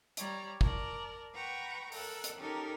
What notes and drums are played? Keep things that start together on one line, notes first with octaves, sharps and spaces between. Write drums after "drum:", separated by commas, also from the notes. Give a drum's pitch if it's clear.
G3 C#5 D5 A#5, drum: hi-hat
A#4 D5 A5 A#5, drum: kick
B4 F#5 G5 A#5 B5 C#6
A4 A#4 E6 F#6, drum: open hi-hat
drum: hi-hat
C#4 D#4 G4 A4 A#4